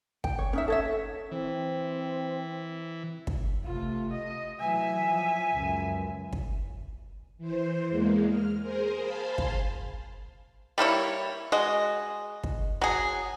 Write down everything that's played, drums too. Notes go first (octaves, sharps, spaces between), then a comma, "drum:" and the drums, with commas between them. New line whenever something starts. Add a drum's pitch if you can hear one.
G5, drum: kick
C#5
C#4 D#4 E5
A4 C#5 E5
E3 C4
drum: kick
C3 A3 F4
D#5
E3 F#3 E5 G#5
F3
C#2 F#2
drum: kick
E3 C5
E2 G#3 A#3
F6
G#4 A#4 C5
C5 F5 G#5 A5 B5 C6
drum: kick
G3 A#3 E4 C#5
G#3 F#4 D#5
drum: kick
F#3 G#4